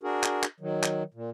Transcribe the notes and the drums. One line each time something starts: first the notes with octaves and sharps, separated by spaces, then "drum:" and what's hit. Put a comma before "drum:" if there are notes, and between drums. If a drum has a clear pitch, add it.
D4 F#4 G#4 A#4
drum: clap
drum: clap
D#3 F#3
drum: clap
A#2